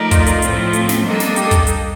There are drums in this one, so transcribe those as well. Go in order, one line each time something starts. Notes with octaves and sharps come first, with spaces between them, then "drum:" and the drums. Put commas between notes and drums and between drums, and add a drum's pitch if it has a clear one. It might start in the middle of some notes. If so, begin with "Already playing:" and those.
Already playing: F3 A3 D#4 A#4 D5
F4, drum: kick, hi-hat
drum: hi-hat
A2 F3 A3 C4, drum: hi-hat
drum: hi-hat
drum: snare
G3 A#3 D4 A4 D#5
drum: snare
G4, drum: hi-hat
drum: kick, hi-hat
drum: hi-hat